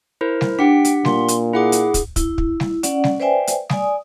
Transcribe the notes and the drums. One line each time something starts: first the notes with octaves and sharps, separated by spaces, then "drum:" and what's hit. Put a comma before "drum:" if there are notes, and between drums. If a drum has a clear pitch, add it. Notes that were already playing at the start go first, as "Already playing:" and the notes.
E4 A#4 C5
drum: snare G3
D4 G4 F#5 G5 B6
drum: hi-hat
A#2 C6, drum: snare G3
drum: hi-hat
E4 G#4 F#5 D6
drum: hi-hat
drum: kick, hi-hat
E4, drum: kick, hi-hat
drum: kick
drum: snare G3
C#4 D5 F#5, drum: hi-hat
drum: snare G3
B4 C5 D5 E5 G5 G#5
drum: hi-hat
D5 G#5 D#6, drum: snare G3